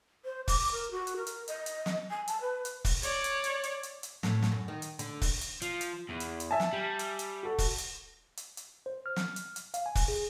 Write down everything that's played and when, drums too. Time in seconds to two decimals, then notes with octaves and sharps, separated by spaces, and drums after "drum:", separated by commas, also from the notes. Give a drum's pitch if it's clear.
0.25 C5
0.48 D6, drum: kick, open hi-hat
0.72 A#4
0.91 F#4
1.07 drum: hi-hat
1.17 A#4
1.27 drum: hi-hat
1.48 D#5, drum: hi-hat
1.66 drum: hi-hat
1.86 drum: snare
2.11 G#5
2.28 A5, drum: hi-hat
2.41 B4
2.65 drum: hi-hat
2.85 drum: kick, open hi-hat
3.03 C#5 D5, drum: hi-hat
3.24 drum: hi-hat
3.44 drum: hi-hat
3.64 drum: hi-hat
3.83 drum: hi-hat
4.03 drum: hi-hat
4.23 A2, drum: snare
4.43 drum: snare
4.52 F#2
4.68 D#3
4.82 drum: hi-hat
4.99 D3, drum: hi-hat
5.21 drum: kick, open hi-hat
5.41 drum: hi-hat
5.62 F3, drum: hi-hat
5.81 drum: hi-hat
6.09 E2
6.20 drum: hi-hat
6.40 drum: hi-hat
6.51 E5 G#5 A5
6.60 drum: snare
6.73 G3
6.99 drum: hi-hat
7.19 drum: hi-hat
7.43 F#4 A4
7.58 drum: kick, open hi-hat
7.78 drum: hi-hat
8.37 drum: hi-hat
8.57 drum: hi-hat
8.86 C5
9.06 F6
9.16 drum: snare
9.36 drum: hi-hat
9.56 drum: hi-hat
9.74 F5, drum: hi-hat
9.86 G#5
9.95 drum: kick, open hi-hat
10.08 G#4